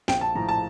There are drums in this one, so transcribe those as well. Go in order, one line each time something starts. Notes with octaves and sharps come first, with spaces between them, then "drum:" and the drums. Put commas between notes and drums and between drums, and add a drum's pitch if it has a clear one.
A#1 G5, drum: snare
A5
A2 F3 A#5
A5